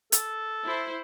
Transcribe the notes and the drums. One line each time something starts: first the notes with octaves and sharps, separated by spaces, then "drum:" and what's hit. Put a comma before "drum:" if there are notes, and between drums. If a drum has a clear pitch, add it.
A4, drum: hi-hat
E4 C5